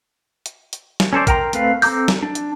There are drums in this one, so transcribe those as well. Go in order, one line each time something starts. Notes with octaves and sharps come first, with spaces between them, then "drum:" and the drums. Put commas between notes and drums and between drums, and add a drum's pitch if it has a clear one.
drum: hi-hat
drum: hi-hat
drum: snare
C#4 A4 C5 D5
A#4 G5 A#5 C6, drum: kick A#1, hi-hat
A3 C4 B4 F5, drum: hi-hat
C4 A4 A#5 D6 G6, drum: open hi-hat
drum: snare
D4
drum: hi-hat